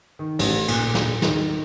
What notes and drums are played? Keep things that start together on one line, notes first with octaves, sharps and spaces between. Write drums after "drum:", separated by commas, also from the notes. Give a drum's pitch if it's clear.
D#3
A1, drum: cymbal
A#2, drum: cymbal
drum: snare
D#3, drum: snare